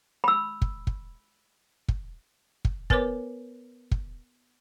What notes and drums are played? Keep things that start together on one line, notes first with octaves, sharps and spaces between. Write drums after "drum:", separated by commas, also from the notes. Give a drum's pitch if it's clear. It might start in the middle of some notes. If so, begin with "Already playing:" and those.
B5 E6
drum: kick
drum: kick
drum: kick
drum: kick
B3 A#4 B4 C#5 D6, drum: kick
drum: kick